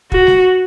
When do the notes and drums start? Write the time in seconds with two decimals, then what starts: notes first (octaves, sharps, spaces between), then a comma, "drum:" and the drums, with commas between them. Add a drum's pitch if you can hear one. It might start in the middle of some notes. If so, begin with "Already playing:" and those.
0.12 F#4, drum: kick
0.27 drum: snare G3